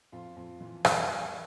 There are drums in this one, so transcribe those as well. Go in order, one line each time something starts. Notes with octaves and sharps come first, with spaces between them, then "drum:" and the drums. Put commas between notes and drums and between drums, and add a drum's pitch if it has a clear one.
F2 F4
F2
E3
G3 A#4, drum: rim click